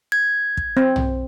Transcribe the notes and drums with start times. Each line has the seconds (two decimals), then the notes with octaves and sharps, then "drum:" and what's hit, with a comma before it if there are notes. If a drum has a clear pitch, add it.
0.12 G#6
0.57 drum: kick
0.77 C4
0.96 drum: tom